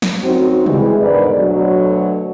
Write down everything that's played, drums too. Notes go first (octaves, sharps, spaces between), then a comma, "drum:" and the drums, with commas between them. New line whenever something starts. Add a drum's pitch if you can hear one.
drum: snare
F#2 C4 D#4 F#4
E3 G3 G#3, drum: tom C3
E2 G#2 D3 D#3 B4 D5
D2 B2 D3 F#3